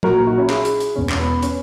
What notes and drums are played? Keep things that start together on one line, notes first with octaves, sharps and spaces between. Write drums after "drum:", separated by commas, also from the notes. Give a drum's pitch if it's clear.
A#1 A#2 F#3 A#3 F#4 A#4, drum: tom
D#4 F#4
C#4 E4
E4 G#4, drum: clap
drum: hi-hat
drum: hi-hat
E1 E2 B2 C#4
C#4, drum: clap
B3
C#4, drum: hi-hat